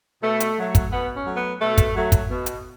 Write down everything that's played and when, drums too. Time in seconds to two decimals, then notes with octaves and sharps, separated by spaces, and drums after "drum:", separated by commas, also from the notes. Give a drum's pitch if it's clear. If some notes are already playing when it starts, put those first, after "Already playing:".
0.23 B2 A3
0.40 drum: hi-hat
0.58 F#3 A3
0.75 drum: kick, hi-hat
0.91 B2 B3
1.15 C#4
1.26 F#3 A3
1.37 B3
1.61 B2 A3
1.78 drum: kick, hi-hat
1.95 F#3 A3
2.12 drum: kick, hi-hat
2.30 B2
2.46 drum: hi-hat